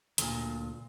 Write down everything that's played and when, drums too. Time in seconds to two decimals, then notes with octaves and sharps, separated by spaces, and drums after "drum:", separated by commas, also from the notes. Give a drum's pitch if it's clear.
0.18 D2 A#2, drum: hi-hat